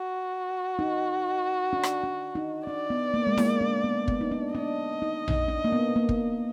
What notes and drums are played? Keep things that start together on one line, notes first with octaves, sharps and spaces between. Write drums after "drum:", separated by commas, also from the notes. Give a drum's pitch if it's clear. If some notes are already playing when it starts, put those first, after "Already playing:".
Already playing: F#4
D#4
D4
drum: rim click
D4
D#4
D4 D5
B3
A#3
G#3
A#3, drum: snare E4
D4
B3
B3, drum: kick
D#4
D4
D4 D#5
D#4
D#4, drum: tom A#1
D4
A#3
B3
A#3
drum: kick